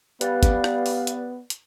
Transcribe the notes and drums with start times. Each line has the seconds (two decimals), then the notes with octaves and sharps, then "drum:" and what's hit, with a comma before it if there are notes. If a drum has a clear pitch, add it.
0.21 G3 B3 B4 D5 F5, drum: hi-hat
0.43 drum: kick, hi-hat
0.64 drum: rim click
0.86 drum: open hi-hat
1.07 drum: hi-hat
1.50 drum: hi-hat